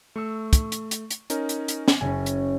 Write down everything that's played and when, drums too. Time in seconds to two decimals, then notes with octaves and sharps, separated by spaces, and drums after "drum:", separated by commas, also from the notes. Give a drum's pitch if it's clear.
0.16 A3 C#6 E6
0.53 drum: kick, hi-hat
0.72 drum: hi-hat
0.91 drum: hi-hat
1.11 drum: hi-hat
1.30 C#4 D#4 A#4, drum: hi-hat
1.49 drum: hi-hat
1.68 drum: hi-hat
1.88 drum: snare
2.01 F#1 C#4 G#5
2.26 drum: hi-hat